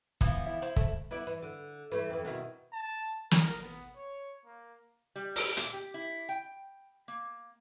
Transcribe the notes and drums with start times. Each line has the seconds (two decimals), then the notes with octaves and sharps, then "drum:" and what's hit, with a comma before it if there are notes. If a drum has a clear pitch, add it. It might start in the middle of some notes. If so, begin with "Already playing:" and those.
0.21 E3 F3 B3, drum: kick
0.46 E4
0.62 E4 C5
0.76 A3, drum: kick
1.11 B3 E4 D5
1.27 E3
1.43 D3
1.92 E3 A3
2.09 F2 E3
2.25 B2 D#3 E4
2.73 A5
3.31 A#4, drum: snare
3.62 B3
3.96 C#5
4.45 A#3
5.16 G3
5.36 drum: open hi-hat
5.57 A#2, drum: hi-hat
5.73 G4
5.94 E4
6.29 G5
7.08 A#3